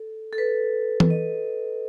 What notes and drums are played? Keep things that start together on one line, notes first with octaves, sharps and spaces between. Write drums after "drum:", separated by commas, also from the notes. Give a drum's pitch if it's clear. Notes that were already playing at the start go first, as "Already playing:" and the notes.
Already playing: A4
A4
B4
drum: tom E3
D#5